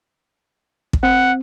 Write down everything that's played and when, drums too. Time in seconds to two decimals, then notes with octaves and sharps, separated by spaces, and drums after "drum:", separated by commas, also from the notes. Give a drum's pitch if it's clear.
0.93 drum: kick
1.03 C4 F#5